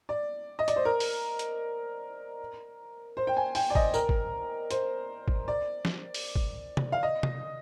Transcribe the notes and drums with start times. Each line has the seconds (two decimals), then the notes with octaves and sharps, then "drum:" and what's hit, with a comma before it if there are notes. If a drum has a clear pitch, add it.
0.09 D5
0.59 D#5
0.68 D5, drum: hi-hat
0.76 C5
0.85 A#4
1.00 drum: open hi-hat
1.39 drum: hi-hat
3.17 C5
3.27 G5
3.37 G#5
3.55 G5, drum: open hi-hat
3.70 D5
3.75 D#5, drum: kick
3.94 A#4, drum: tambourine
4.09 drum: kick
4.71 C5, drum: hi-hat
5.28 drum: kick
5.48 D5
5.85 drum: snare
6.14 drum: open hi-hat
6.36 drum: kick
6.77 drum: tom C3
6.92 F5
7.03 D#5
7.23 drum: tom C3